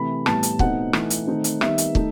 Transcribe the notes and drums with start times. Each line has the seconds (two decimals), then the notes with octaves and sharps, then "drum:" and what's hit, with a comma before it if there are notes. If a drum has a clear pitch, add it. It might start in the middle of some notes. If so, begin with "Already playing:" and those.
Already playing: C3 E3 A3 B5
0.26 A2 E3 G3 B3 A5, drum: rim click
0.43 drum: hi-hat
0.59 B2 A3 C4 D#4 F#5, drum: kick
0.93 E3 A3 D#4, drum: rim click
1.10 drum: hi-hat
1.27 D#3 A3 C4 D#4
1.44 drum: hi-hat
1.61 D#3 G3 B3 D#4 E5, drum: rim click
1.78 drum: hi-hat
1.95 A3 D#4, drum: kick